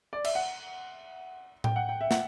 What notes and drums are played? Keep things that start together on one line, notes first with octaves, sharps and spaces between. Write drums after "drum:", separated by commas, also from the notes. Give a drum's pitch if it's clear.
D5
E5, drum: cymbal
F#5
G5, drum: tom A2
F#5
G5
E5
F#5, drum: snare